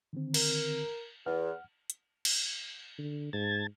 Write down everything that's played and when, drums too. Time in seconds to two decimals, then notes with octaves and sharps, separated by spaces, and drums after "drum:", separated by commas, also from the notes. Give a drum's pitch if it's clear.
0.13 D3 D#3 C4
0.34 A#4, drum: cymbal
1.26 E2 F#5 F6
1.90 drum: hi-hat
2.25 drum: cymbal
2.98 D3
3.33 G#2 A5 G#6 A6